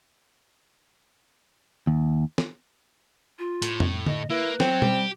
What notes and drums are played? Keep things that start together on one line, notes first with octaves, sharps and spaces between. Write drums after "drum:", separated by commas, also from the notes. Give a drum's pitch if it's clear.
D#2
drum: snare
F4
A2, drum: hi-hat
drum: tom F2
D#5, drum: tom D3
A#3 E4 B4
F#3 C4, drum: snare
G3 G4, drum: tom B2